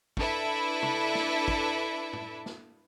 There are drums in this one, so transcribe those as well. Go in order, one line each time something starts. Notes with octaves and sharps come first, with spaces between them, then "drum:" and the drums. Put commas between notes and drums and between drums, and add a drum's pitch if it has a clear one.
D4 E4 A4 B4 E5, drum: kick
drum: tom
drum: snare
drum: kick
drum: tom A2
drum: snare